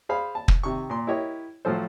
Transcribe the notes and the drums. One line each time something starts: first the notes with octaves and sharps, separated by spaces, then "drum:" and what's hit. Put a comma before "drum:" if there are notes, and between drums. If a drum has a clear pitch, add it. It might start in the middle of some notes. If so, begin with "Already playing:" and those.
G#4 C5 F5 B5
A5
drum: kick
C3 D#3 C#6
A#2 C6
E4 G4 A#4 C#5 D#5
A2 F3 F#3 A4 C5